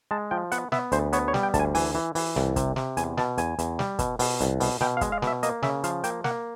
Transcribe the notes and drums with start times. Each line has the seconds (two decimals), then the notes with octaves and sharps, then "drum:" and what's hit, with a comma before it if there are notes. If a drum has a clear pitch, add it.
0.11 G#3 A5
0.31 F3 G5
0.52 B3 F#5, drum: hi-hat
0.72 B3 E5, drum: snare
0.92 D2 C5, drum: hi-hat
1.13 B3 C#5, drum: hi-hat
1.28 C#5
1.34 G3, drum: snare
1.43 G5
1.54 D2 A5, drum: kick, hi-hat
1.60 G#5
1.75 E3 G#5, drum: open hi-hat
1.95 E3
2.15 E3, drum: open hi-hat
2.36 C2, drum: snare
2.56 C3, drum: kick, hi-hat
2.76 C3, drum: snare
2.97 E2 G#5, drum: hi-hat
3.17 B2 A5, drum: snare
3.38 E2 G#5, drum: hi-hat
3.59 E2, drum: hi-hat
3.79 G3, drum: snare
3.99 B2, drum: kick, hi-hat
4.19 B2, drum: open hi-hat
4.41 C2, drum: hi-hat
4.60 B2, drum: open hi-hat
4.81 B2 G5, drum: snare
4.97 F5
5.01 G#3, drum: kick, hi-hat
5.12 F5
5.22 B2, drum: snare
5.27 E5
5.43 A#3 D#5, drum: hi-hat
5.63 C#3 E5, drum: snare
5.84 F3 F5, drum: hi-hat
6.04 A#3 G5, drum: hi-hat
6.24 A#3 F#5, drum: snare